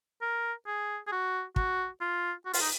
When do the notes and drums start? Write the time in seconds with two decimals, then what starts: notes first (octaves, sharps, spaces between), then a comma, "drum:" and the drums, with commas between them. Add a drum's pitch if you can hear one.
0.22 A#4
0.67 G#4
1.07 G#4
1.12 F#4
1.56 F#4, drum: kick
2.01 F4
2.46 F#4
2.53 F4, drum: open hi-hat
2.61 D#4